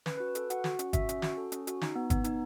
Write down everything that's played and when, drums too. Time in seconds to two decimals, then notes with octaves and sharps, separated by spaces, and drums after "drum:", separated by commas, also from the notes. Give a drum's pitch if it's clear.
0.06 C#4 B4, drum: snare
0.18 F#4 B4
0.28 B4
0.35 A4, drum: hi-hat
0.50 F#4 F#5, drum: hi-hat
0.64 F#4, drum: snare
0.79 C#4, drum: hi-hat
0.93 F#4 E5, drum: kick, hi-hat
1.09 C#4, drum: hi-hat
1.22 F#4, drum: snare
1.37 A4
1.52 C#4, drum: hi-hat
1.67 F#4, drum: hi-hat
1.81 D#4, drum: snare
1.96 B3
2.10 B3, drum: kick, hi-hat
2.24 D#4, drum: hi-hat